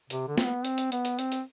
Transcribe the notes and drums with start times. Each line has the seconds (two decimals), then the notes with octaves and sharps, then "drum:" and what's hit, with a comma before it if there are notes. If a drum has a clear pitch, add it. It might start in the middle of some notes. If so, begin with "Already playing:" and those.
0.10 C3, drum: hi-hat
0.28 D3
0.38 C4, drum: snare
0.46 B3
0.65 C4, drum: hi-hat
0.78 drum: hi-hat
0.92 B3, drum: hi-hat
1.05 drum: hi-hat
1.19 C4, drum: hi-hat
1.32 drum: hi-hat